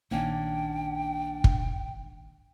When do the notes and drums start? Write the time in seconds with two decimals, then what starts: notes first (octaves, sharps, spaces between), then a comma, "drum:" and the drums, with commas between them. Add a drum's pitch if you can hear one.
0.11 A#1 D#3 A#3 C#4 D4 G5
1.44 drum: kick